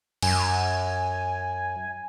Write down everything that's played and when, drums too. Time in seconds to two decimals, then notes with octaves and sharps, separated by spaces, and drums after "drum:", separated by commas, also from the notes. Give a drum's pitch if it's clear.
0.22 F#2 G#5, drum: cymbal